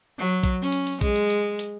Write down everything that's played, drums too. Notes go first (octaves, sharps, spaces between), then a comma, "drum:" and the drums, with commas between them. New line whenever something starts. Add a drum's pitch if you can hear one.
F#3
drum: kick A#1, hi-hat
C#4
drum: hi-hat
drum: hi-hat
G#3, drum: kick A#1, hi-hat
drum: hi-hat
drum: hi-hat
drum: hi-hat